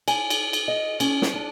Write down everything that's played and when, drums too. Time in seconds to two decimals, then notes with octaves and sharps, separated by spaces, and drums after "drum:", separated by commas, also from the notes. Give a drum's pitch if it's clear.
0.08 G#5, drum: cymbal
0.30 drum: cymbal
0.53 drum: cymbal
0.68 D#5
1.00 C#4, drum: cymbal
1.22 drum: snare
1.34 D4